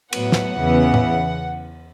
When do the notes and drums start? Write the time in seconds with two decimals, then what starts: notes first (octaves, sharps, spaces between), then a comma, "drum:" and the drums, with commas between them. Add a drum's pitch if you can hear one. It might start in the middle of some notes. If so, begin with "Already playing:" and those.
0.13 A2 F#3 B3 F#5, drum: cymbal
0.32 drum: snare
0.60 E2 C#3 E3 B3
0.94 drum: tom A2